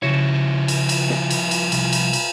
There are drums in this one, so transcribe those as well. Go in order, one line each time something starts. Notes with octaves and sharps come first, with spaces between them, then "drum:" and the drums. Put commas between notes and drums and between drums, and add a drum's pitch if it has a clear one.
C#3 F3 E4 F#4 C#5
drum: cymbal
drum: cymbal
drum: snare
drum: cymbal
drum: cymbal
C2, drum: cymbal
drum: cymbal
drum: cymbal